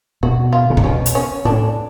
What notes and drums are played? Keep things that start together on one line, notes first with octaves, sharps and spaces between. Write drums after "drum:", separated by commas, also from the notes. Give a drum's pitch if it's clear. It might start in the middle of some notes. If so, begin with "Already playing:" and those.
B2 F#4
F4
C#3
C3, drum: kick
B2 C#4
drum: hi-hat
C#4
A2 D4